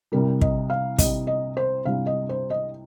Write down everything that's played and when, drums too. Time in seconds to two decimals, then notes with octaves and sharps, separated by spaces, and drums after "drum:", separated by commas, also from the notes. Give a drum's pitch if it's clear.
0.12 C2 C3 G3 A#4
0.41 D#5, drum: kick
0.70 F5
0.98 C2 C3 G3 D#5, drum: kick, hi-hat
1.27 D#5
1.57 C5
1.85 C2 C3 G3 F5
2.06 D#5
2.29 C5
2.50 D#5